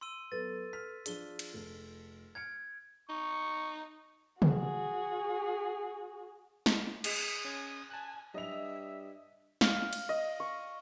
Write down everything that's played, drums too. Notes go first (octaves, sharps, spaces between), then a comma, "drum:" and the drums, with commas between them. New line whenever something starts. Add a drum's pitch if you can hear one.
C6 E6 D#7
F#3 B3 A4 B4 A6
F6 B6
F3 D4 G#4 G7, drum: hi-hat
drum: cymbal
F1 A4
F6 G#6 C#7 D7
D#4 C#6
F#4 G#4, drum: tom
drum: snare
G#4 D#5 D#6, drum: cymbal
C#4 G#6
G#5 A5 F#6
G2 D#5 E5 F7
F5, drum: snare
drum: cymbal
D#5
C#6